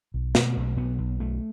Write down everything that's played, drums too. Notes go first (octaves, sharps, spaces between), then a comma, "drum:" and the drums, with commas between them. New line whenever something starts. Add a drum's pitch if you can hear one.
B1
B2 A3, drum: snare
B1
B1 B3
B1
B1 A3